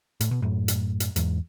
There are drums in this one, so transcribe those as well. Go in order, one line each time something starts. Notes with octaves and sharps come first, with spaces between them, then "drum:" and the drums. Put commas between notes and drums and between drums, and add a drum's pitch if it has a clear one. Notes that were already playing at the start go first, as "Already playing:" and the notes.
A2, drum: hi-hat
B2
F#2 A2
drum: hi-hat
drum: hi-hat
E2 G#2, drum: hi-hat